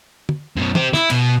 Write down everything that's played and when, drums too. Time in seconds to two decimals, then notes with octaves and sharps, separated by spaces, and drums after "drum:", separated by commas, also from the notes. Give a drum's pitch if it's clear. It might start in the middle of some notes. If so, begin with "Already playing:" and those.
0.29 drum: tom
0.57 F#2 B2
0.75 C4 G4, drum: tom
0.93 E4, drum: snare
1.10 B2 B3, drum: cymbal